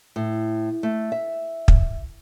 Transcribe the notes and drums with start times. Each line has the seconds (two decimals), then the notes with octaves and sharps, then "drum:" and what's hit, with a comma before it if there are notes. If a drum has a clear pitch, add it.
0.16 A2
0.83 A3
1.12 E5
1.68 drum: kick